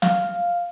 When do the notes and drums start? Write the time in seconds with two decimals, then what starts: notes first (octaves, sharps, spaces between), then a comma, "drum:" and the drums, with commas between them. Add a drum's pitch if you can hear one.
0.02 F5, drum: snare